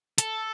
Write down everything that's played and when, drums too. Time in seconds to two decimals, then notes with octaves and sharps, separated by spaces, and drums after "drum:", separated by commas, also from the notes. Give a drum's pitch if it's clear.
0.18 A4, drum: hi-hat